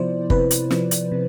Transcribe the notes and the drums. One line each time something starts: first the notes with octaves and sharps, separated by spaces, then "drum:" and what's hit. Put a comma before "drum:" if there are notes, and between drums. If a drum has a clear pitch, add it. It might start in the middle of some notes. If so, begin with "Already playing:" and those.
Already playing: C3 F3 B3 E4 C5 D5
C3 B4, drum: kick
drum: hi-hat
F3, drum: snare
drum: hi-hat
C3